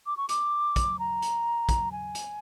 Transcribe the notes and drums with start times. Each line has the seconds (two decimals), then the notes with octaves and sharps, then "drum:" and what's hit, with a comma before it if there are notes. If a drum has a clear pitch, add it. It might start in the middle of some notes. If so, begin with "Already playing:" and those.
0.06 D6
0.17 C#6
0.29 D6, drum: hi-hat
0.76 drum: kick, hi-hat
0.99 A#5
1.22 drum: hi-hat
1.69 drum: kick, hi-hat
1.92 G#5
2.15 drum: hi-hat